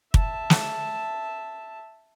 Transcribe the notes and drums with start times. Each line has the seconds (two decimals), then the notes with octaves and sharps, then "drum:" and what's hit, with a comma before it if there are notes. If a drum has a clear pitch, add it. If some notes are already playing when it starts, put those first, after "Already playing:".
0.14 E5 A5, drum: kick
0.50 drum: snare